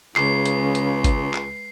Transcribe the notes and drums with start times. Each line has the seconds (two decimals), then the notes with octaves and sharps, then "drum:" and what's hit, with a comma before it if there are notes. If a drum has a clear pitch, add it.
0.16 C#2 C#3 G#3 B4 C7, drum: clap
0.46 drum: hi-hat
0.75 drum: hi-hat
1.04 drum: kick G#1, hi-hat
1.34 drum: clap